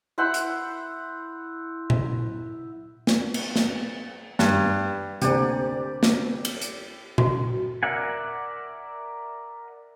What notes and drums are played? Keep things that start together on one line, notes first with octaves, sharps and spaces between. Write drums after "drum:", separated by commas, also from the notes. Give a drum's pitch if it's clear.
E4 C5 F#5 C6
drum: hi-hat
drum: tom A#2
drum: snare
drum: cymbal
drum: snare
G2, drum: snare
D2 C3 A#3 C4 G4 D5 F#5 G#5, drum: hi-hat
drum: snare
drum: cymbal
drum: hi-hat
F#4, drum: tom A#2
A#4 D5 E5 F#5 G#5